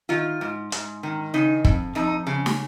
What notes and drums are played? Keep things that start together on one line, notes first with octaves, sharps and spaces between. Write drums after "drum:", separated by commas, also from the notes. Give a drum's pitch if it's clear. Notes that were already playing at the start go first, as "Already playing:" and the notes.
D#3 F4
G#2
G#2, drum: hi-hat
D#3
C#3 D#4
F2, drum: kick
F2 D#4
C#3
drum: snare